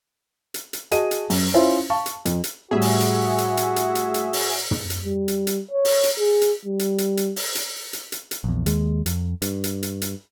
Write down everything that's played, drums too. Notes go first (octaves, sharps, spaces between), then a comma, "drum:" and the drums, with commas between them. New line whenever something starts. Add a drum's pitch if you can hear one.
drum: hi-hat
drum: hi-hat
F#4 G#4 D#5 A5 D#7, drum: hi-hat
drum: hi-hat
F#2, drum: open hi-hat
C#4 E4 F4 C5 E5
F5 A5 C#6
drum: hi-hat
F2, drum: hi-hat
drum: hi-hat
A2 G3 F#4 G#4 E5
drum: open hi-hat
drum: hi-hat
drum: hi-hat
drum: hi-hat
drum: hi-hat
drum: hi-hat
drum: hi-hat
drum: open hi-hat
drum: tom
drum: hi-hat
G3
drum: hi-hat
drum: hi-hat
C#5
drum: open hi-hat
drum: hi-hat
G#4
drum: hi-hat
G3
drum: hi-hat
drum: hi-hat
drum: hi-hat
drum: open hi-hat
drum: hi-hat
drum: hi-hat
drum: hi-hat
drum: hi-hat
A#1 E2
D#2 G#3, drum: hi-hat
F2, drum: hi-hat
G2, drum: hi-hat
drum: hi-hat
drum: hi-hat
drum: hi-hat